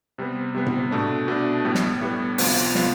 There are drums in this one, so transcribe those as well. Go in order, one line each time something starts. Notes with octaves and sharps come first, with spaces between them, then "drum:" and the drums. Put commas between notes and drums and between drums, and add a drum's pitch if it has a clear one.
C3 G3 B3
C3 G3 B3
drum: tom A2
B2 A3 D4
B2 A3 D4
A2 G3 B3
drum: snare
A2 G3 B3
D2 C3 F3 B3 F4, drum: open hi-hat
C3 F3 B3 F4, drum: snare